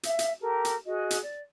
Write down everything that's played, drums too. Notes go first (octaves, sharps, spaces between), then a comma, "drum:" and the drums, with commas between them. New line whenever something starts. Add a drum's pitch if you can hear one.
E5 F5, drum: hi-hat
drum: hi-hat
G4 A4 A#4
drum: hi-hat
F#4 G#4 D#5
drum: hi-hat
D5